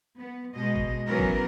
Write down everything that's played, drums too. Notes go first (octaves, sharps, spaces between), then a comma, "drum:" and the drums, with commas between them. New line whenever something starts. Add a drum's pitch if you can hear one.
B3
B2 G#3 D#5
drum: kick
E3 F#3 B3 C#4 A#4
drum: kick